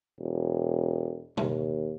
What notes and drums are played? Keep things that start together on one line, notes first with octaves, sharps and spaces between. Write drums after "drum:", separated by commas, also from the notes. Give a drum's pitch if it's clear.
E1
D#2, drum: tom B2